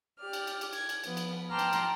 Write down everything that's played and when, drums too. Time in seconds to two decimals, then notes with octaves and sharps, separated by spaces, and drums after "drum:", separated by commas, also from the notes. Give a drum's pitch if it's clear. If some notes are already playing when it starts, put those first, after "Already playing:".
0.19 G4 D5 F6
0.33 drum: cymbal
0.47 drum: cymbal
0.61 drum: cymbal
0.73 G#6, drum: cymbal
0.89 drum: cymbal
1.04 F3 B3, drum: cymbal
1.17 drum: cymbal
1.49 G5 A5 A#5 C6 D6 F6
1.59 drum: cymbal
1.73 drum: cymbal